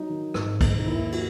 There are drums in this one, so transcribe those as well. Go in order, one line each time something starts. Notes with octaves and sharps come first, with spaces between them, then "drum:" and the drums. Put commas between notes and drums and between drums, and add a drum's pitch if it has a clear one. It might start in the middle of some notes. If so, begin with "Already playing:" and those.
Already playing: F#3 D#4
D#3
G#1, drum: rim click
G#2, drum: kick, cymbal
D#4
D#2 E4
F3 F#4, drum: cymbal